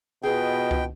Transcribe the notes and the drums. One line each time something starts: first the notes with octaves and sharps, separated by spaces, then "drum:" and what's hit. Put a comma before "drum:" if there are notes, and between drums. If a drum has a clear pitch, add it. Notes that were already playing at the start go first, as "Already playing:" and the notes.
B2 F4 G#4 B4 D#5 G5
drum: kick C#2